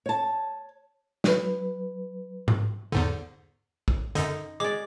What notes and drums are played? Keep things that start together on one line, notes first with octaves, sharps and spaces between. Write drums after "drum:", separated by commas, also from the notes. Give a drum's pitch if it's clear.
C#5 A5
F#3 B4, drum: snare
drum: tom G#2
E2 G#2 D3
drum: kick
F#2 D3 D#4, drum: hi-hat
G#3 D5 D6